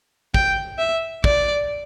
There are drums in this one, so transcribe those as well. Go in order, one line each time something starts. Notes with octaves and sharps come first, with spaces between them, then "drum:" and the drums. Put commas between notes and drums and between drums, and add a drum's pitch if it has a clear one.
G5, drum: kick
E5
D5, drum: kick